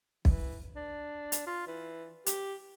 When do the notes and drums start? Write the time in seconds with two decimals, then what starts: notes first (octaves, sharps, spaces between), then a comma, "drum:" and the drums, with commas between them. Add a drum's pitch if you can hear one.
0.25 E3, drum: kick
0.76 D4
1.32 drum: hi-hat
1.47 F4
1.67 E3
2.26 G4, drum: hi-hat